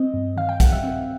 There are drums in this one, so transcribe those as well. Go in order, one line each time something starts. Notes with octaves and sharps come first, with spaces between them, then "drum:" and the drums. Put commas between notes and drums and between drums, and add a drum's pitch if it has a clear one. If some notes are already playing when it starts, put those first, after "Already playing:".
Already playing: C4 D#5
G2
D#3 F5
G5
G3 F#5, drum: kick, hi-hat
E5
C4